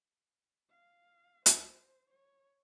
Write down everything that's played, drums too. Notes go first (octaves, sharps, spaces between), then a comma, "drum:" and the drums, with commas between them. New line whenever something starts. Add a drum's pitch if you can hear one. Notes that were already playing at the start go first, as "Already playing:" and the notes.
F5
C5, drum: hi-hat
C#5